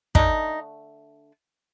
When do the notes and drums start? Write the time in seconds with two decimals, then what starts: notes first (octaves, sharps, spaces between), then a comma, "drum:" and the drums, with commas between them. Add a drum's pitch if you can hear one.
0.15 D3 A3 D4 D#4, drum: kick